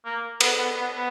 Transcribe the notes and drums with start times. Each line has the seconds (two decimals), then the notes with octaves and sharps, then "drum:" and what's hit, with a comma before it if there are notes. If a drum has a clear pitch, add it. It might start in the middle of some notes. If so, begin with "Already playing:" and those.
0.05 A#3
0.40 B3, drum: cymbal
0.58 B3
0.76 B3
0.94 B3